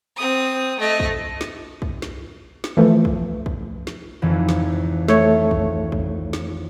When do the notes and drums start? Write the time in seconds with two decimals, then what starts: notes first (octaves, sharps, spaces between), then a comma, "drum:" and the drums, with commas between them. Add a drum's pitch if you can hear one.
0.17 C4 D#6
0.79 A3 D#5
1.00 drum: kick
1.41 drum: snare
1.82 drum: kick
2.02 drum: snare
2.64 drum: snare
2.77 E3 F3 A3
3.05 drum: kick
3.46 drum: kick
3.87 drum: snare
4.22 G#1 F2 E3
4.49 drum: snare
5.08 A3 C#5, drum: snare
5.51 drum: kick
5.92 drum: kick
6.33 drum: snare